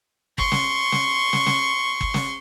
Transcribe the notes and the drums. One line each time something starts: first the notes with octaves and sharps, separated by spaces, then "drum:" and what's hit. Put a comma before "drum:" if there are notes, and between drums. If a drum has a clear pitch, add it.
C6 C#6, drum: kick
drum: snare
drum: snare
drum: snare
drum: snare
drum: kick
drum: snare